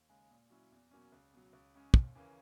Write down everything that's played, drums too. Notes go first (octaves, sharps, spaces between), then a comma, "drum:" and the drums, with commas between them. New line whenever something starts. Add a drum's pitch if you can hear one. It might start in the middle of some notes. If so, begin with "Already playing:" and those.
Already playing: D#2
C#3 G#3
A#2
F#3 C#4 E4
E2
B2 F#3 A#3 C#4
C#2
B2 F#3
C#2
C#3 G#3 C#4
D#2, drum: kick
C#3 E3 A#3 C#4